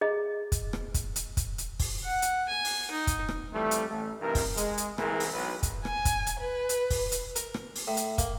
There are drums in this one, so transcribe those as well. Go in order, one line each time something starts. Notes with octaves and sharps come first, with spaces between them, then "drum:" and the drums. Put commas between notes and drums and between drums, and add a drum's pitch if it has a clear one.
G#4 D#5
drum: kick, hi-hat
drum: rim click
drum: kick, hi-hat
drum: hi-hat
drum: kick, hi-hat
drum: hi-hat
drum: kick, open hi-hat
F#5
drum: hi-hat
G#5
drum: open hi-hat
D#4
drum: kick, hi-hat
drum: rim click
F2 E3 G3 A3
drum: hi-hat
A1 A3
G2 C3 E3 D#4 A#4
drum: kick, open hi-hat
G#3, drum: hi-hat
drum: hi-hat
C2 G#2 E3 E4 G#4 A#4, drum: rim click
drum: open hi-hat
B1 B4
drum: kick, hi-hat
G#5, drum: rim click
drum: kick, hi-hat
drum: hi-hat
B4
drum: hi-hat
drum: kick, open hi-hat
drum: hi-hat
A#4, drum: hi-hat
drum: rim click
drum: open hi-hat
A2
drum: hi-hat
A#3, drum: kick, hi-hat